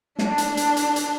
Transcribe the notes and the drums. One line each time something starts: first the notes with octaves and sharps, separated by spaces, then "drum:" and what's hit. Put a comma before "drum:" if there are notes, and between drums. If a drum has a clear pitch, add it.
D4, drum: snare
drum: hi-hat
drum: hi-hat
drum: hi-hat
drum: hi-hat